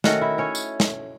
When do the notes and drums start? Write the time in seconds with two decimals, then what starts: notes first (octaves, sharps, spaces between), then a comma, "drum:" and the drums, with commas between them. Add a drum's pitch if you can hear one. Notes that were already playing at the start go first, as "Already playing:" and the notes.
0.04 D#3 A3 C#4 F#4 F#5, drum: snare
0.21 E4 E5
0.38 C#4 C#5
0.55 drum: tambourine
0.80 drum: snare